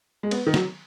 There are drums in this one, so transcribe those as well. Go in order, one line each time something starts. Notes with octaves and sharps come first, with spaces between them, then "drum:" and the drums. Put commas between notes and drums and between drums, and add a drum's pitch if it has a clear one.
G#3
B3, drum: cymbal
D#3
F#3, drum: snare